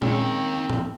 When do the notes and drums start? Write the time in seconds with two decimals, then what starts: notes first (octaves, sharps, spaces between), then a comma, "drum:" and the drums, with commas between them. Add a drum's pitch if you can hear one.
0.02 D#2 D#3 G#3 C4 C#4, drum: tom A#2
0.70 drum: tom A2